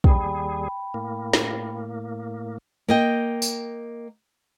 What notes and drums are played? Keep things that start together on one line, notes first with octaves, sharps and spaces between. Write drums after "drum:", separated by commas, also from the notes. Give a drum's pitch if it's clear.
D#2 G3 G#4 G5 B5, drum: kick
A2 A#3
drum: snare
A#3 D#5 G5
drum: tambourine